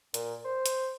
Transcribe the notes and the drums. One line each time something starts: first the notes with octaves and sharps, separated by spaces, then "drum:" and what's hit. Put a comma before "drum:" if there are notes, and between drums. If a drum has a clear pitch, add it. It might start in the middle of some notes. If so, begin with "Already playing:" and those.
A#2, drum: hi-hat
C5
drum: hi-hat